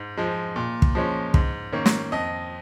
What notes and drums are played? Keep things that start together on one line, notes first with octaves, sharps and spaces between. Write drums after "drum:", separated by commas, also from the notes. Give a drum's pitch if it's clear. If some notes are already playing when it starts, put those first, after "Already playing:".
Already playing: G#2
F3 G#3
A#2
drum: kick
F3 G#3 C#4
G#2, drum: kick
D#3 A#3 C#4
drum: snare
F2 D#5